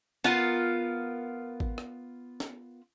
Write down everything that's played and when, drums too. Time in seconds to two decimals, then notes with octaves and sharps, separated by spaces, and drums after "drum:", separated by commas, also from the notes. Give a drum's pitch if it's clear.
0.24 B3 F4 A#4, drum: snare
1.60 drum: kick
1.78 drum: rim click
2.40 drum: snare